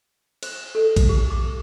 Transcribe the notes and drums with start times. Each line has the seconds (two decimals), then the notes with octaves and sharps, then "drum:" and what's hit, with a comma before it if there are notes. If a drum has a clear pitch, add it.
0.43 C5, drum: cymbal
0.75 A4
0.96 drum: kick A#1, cymbal
1.09 G4
1.31 D6